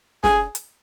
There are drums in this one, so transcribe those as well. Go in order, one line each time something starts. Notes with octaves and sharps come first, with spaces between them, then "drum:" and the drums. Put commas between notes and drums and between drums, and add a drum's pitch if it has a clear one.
G#4, drum: snare
drum: hi-hat